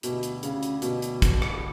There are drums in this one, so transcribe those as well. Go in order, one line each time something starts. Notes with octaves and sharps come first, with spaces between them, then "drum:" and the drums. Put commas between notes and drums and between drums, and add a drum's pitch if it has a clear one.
D2 B2 D3 A3 E4 G4, drum: hi-hat
drum: hi-hat
C#3, drum: hi-hat
drum: hi-hat
B2, drum: hi-hat
drum: hi-hat
drum: kick, hi-hat
drum: rim click